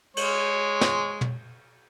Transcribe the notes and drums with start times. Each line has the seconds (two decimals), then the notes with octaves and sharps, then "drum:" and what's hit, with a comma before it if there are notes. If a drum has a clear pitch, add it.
0.17 G#3 C#5, drum: cymbal
0.81 drum: snare
1.21 drum: tom